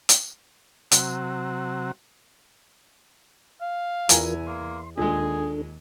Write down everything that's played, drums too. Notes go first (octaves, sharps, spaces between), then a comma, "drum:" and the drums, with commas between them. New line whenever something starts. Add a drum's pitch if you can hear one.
drum: hi-hat
C3 F#3, drum: hi-hat
F5
E2 E3 E4 F4 A#4 G#5 A#5, drum: hi-hat
A#3 C6
D#2 A#2 G#3 D4 G#4 A4